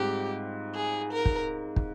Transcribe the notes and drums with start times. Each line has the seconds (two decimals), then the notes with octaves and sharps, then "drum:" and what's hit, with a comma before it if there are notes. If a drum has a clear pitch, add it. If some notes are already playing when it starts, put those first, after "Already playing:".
Already playing: G#2 G3 C4 F4 G4
0.74 G#4
1.12 A#4
1.25 drum: kick
1.76 drum: kick